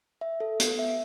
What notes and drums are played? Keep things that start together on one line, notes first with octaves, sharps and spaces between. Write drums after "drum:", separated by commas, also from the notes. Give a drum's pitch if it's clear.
E5
A4
B3, drum: hi-hat
E5